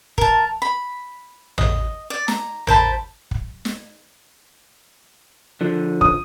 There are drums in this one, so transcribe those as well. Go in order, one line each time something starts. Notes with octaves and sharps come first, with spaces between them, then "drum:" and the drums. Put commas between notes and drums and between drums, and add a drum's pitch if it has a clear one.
A#4 A5, drum: kick
B5
D#5, drum: tom A1
D5
A#5, drum: snare
A#4 C5 A5 B5, drum: tom A1
drum: kick
drum: snare
D3 F3
D#6, drum: kick